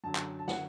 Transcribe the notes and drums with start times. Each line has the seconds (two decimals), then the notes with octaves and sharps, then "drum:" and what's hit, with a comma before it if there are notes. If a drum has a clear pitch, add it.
0.04 F#2 D3 F#3 A5
0.15 drum: clap
0.39 A5
0.48 F#5, drum: snare